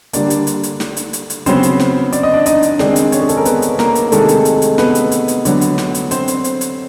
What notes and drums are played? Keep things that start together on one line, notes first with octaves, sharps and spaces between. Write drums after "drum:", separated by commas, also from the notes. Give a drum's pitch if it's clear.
D3 G3 A#3 D4 D5, drum: hi-hat
drum: hi-hat
drum: hi-hat
drum: hi-hat
drum: snare
drum: hi-hat
drum: hi-hat
drum: hi-hat
C#3 F#3 B3 C4 C5, drum: hi-hat
drum: hi-hat
drum: snare
D5, drum: hi-hat
D#5
D4 D5
D#4 D#5, drum: hi-hat
drum: hi-hat
D#3 G#3 C4 D4 D5, drum: snare
drum: hi-hat
C#4 C#5, drum: hi-hat
G#4
A4, drum: hi-hat
A#4
B3 B4, drum: hi-hat
drum: hi-hat
A#3 A#4, drum: snare
drum: hi-hat
C3 D#3 G#3 A3 C4 A4, drum: hi-hat
drum: hi-hat
drum: hi-hat
drum: hi-hat
B3 B4, drum: snare
drum: hi-hat
drum: hi-hat
drum: hi-hat
D3 F#3 B3, drum: hi-hat
drum: hi-hat
drum: snare
drum: hi-hat
C4 C5, drum: hi-hat
drum: hi-hat
drum: hi-hat
drum: hi-hat